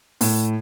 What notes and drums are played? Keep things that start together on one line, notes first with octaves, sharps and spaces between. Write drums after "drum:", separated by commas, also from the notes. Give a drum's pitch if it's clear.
A2, drum: open hi-hat